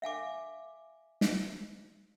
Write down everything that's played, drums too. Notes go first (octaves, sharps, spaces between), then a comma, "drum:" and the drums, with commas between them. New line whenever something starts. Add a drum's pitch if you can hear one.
E5 F5 G#5 D6
drum: snare